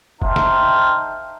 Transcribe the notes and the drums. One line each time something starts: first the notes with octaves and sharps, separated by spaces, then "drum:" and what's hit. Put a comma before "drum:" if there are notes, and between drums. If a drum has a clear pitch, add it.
D#4 A4 C5 E5 F5 G5, drum: kick
drum: snare